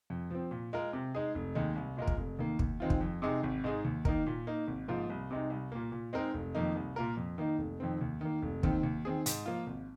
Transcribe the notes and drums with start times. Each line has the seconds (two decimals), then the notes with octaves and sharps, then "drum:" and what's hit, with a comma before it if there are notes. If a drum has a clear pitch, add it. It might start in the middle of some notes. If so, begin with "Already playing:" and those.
0.10 F2
0.31 F3 C4
0.51 A#2
0.73 G#3 F4 A#4
0.93 C3
1.15 G#3 D#4 G#4
1.35 F1
1.55 D#2 D#3 G#3 D#4
1.76 C2
1.97 A#2 G#3 F4 A#4
2.07 drum: kick
2.18 F1
2.39 D#2 D#3 A#3
2.59 D#2, drum: kick
2.80 D#3 G#3 C4 F4
2.90 drum: kick
3.01 F2
3.22 C3 G#3 D#4 G#4
3.43 G#1
3.64 G#2 G#3 D#4 G#4
3.85 D#2
4.05 D#3 A#3 D#4 A#4, drum: kick
4.27 A#2
4.47 A#3 D#4
4.68 G#1
4.88 G#2 F3 A#3 F4
5.10 C2
5.31 C3 G#3 D#4
5.50 C2
5.72 A#2 A#3
5.92 A#2
6.13 G#3 C4 D#4 A#4
6.34 F1
6.55 F2 D#3 A#3 D#4
6.75 C2
6.96 A#2 A#3 F4 A#4
7.17 F2
7.38 D#3 A#3 D#4
7.58 F1
7.80 F2 D#3 C4
8.01 D#2
8.21 D#3 A#3
8.43 F1
8.63 D#2 D#3 C4, drum: kick
8.83 D#2
9.05 D#3 C4 G#4
9.26 G#2, drum: hi-hat
9.46 F3 A#3 F4
9.67 G#1